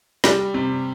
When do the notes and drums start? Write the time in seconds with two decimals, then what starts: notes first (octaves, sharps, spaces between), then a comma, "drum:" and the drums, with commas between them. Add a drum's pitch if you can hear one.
0.24 G3, drum: snare
0.54 C3